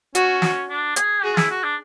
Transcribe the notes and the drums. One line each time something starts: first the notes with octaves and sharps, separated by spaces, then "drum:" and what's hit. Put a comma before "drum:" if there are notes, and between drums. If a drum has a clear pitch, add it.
C#4 F#4, drum: hi-hat
drum: snare
D4
G#4, drum: hi-hat
F#4 G#4
E4, drum: snare
F#4
D4